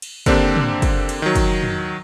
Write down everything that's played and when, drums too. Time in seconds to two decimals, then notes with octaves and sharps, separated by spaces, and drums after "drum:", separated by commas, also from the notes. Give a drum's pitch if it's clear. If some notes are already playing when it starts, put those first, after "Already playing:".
0.02 drum: cymbal
0.26 D3 A#3 C4 D4 G4, drum: kick, cymbal
0.56 drum: tom
0.82 drum: kick, cymbal
1.09 drum: cymbal
1.22 D#3 F#3
1.36 drum: kick, cymbal
1.62 drum: tom